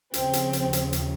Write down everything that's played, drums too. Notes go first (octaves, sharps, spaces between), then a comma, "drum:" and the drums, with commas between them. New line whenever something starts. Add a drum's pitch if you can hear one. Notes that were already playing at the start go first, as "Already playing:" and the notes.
D#2 C#3 F3 C4, drum: hi-hat
drum: hi-hat
drum: hi-hat
drum: hi-hat
drum: hi-hat